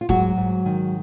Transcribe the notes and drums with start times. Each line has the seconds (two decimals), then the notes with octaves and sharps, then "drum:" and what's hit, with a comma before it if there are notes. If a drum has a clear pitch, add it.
0.01 F4
0.09 G#2 F#3 F#4, drum: kick D#1
0.37 G#2
0.66 D#3